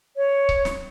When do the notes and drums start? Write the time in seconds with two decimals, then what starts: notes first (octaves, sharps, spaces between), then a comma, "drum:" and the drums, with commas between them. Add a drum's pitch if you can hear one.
0.16 C#5
0.49 drum: kick C#1
0.65 drum: snare